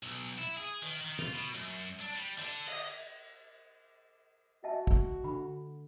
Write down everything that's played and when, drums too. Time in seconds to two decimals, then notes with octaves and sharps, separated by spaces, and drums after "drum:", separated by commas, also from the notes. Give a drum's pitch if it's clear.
0.03 B1
0.38 E4
0.57 G#4
0.82 D#3, drum: hi-hat
1.01 D#3
1.19 F4, drum: snare
1.33 B2
1.55 F#2
2.01 D4
2.15 G3
2.38 D3, drum: hi-hat
2.67 D#5, drum: cymbal
4.64 F#4 D#5 E5 A5
4.87 drum: kick
5.24 D3 B5